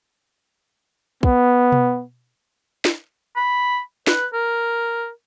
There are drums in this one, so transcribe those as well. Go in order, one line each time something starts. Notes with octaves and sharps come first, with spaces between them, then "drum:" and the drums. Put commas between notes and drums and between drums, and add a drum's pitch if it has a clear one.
B3, drum: kick
drum: tom B2
drum: snare
B5
B4, drum: snare
A#4